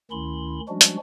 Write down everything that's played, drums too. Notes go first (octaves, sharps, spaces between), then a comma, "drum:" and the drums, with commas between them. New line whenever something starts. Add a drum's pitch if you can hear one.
D2 D#3 C#4 E4 B5 C6
F3 G3 G#3 C#4 D4 F#4
drum: hi-hat